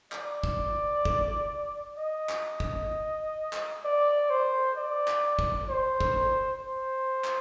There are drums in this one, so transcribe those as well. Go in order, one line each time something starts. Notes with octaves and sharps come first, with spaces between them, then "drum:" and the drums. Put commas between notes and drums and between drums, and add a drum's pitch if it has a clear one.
D5, drum: clap
drum: kick
drum: kick
D#5
drum: clap
drum: kick
drum: clap
D5
C5
D5
drum: clap
drum: kick
C5
drum: kick
C5
drum: clap